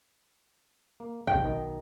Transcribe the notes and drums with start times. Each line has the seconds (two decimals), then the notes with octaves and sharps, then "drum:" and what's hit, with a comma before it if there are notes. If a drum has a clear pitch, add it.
1.00 A#3
1.27 E2 A2 C3 G5, drum: kick
1.43 B1 D#3 D#5